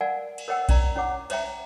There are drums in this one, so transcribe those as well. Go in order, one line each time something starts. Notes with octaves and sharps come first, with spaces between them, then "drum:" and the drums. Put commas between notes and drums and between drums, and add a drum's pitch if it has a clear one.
A#4 D5 F5 F#5 G#5
drum: cymbal
A#4 C#5 D#5 F#5 G5 E6
C#4 D5 A#5, drum: kick, cymbal
C#4 E4 C#5 F#5 D6
C5 C#5 E5 G5 A#5, drum: cymbal